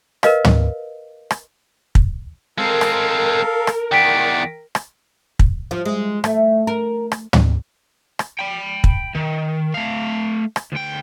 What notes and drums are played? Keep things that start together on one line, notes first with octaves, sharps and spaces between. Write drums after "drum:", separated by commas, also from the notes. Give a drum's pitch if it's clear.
A#4 B4 D#5 F5, drum: rim click
drum: tom
drum: rim click
drum: kick
G#3 C4 A4 A#4 F5
drum: rim click
drum: rim click
E2 D#3 D5 F#5 G5 B6 D7
drum: rim click
drum: kick
F3
G#3
A3, drum: rim click
A#4
drum: rim click
drum: tom
drum: rim click
G5 B5
drum: kick
D#3
A3 F5
drum: rim click
D2 G5